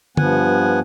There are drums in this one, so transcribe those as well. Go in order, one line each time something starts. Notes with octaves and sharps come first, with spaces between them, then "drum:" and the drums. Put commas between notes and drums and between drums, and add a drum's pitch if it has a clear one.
G2 F3 B3 F#5 G#5, drum: tom D3